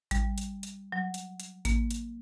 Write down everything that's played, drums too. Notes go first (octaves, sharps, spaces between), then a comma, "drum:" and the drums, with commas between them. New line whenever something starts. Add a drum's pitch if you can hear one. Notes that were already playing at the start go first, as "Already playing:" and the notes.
G3, drum: kick A1, hi-hat
drum: hi-hat
drum: hi-hat
F#3
drum: hi-hat
drum: hi-hat
A#3, drum: kick A1, hi-hat
drum: hi-hat